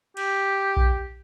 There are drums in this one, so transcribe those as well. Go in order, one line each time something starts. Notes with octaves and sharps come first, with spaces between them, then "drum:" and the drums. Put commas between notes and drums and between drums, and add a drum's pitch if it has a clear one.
G4, drum: cymbal
drum: kick A#1